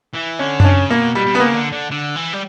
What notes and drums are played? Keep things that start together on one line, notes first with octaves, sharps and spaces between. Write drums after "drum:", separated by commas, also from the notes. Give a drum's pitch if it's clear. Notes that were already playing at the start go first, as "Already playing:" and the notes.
E3
D3 C#4
D4, drum: tom F#2
C#3 C#4
B2 A#3
B2 G3
B2
C#3 B3
A#3
D3
D3
D3
E3
G3